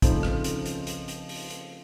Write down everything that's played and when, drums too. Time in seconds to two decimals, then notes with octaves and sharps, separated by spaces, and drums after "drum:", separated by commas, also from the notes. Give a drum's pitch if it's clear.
0.02 C#3 F3 A3 C4 D#4, drum: kick, hi-hat
0.23 drum: rim click
0.44 drum: hi-hat
0.66 drum: hi-hat
0.87 drum: hi-hat
1.08 drum: hi-hat
1.29 drum: open hi-hat
1.50 drum: hi-hat